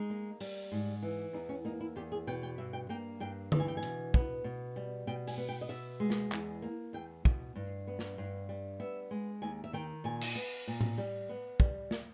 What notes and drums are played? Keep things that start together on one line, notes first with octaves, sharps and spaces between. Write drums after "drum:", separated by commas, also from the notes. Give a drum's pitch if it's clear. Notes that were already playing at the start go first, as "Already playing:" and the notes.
Already playing: G#3 D#4
A#3
G3, drum: open hi-hat
G#2
E3
E2 D#4
C#4
A#3 D#4
E4
E2 G4
G#4
B2 G5
G5
G2 E5
G5
A#3 G5
G2 G5
E3, drum: tom D3
G#5
G5
G#5
B2, drum: hi-hat
B3, drum: kick
B2
G3
B2 G5
G#5, drum: open hi-hat
B3
G5
D#5
B2 E5
G#3
drum: snare
E2, drum: clap
A#3
E2 G5
B2, drum: kick
G2
B3
drum: snare
G2
G3
B3 E5
G#3
D#2 G#5
E5
D#3 G5
A#2 G#5
drum: cymbal
B3
A#2
drum: tom A2
G3
B3
G3, drum: kick
drum: snare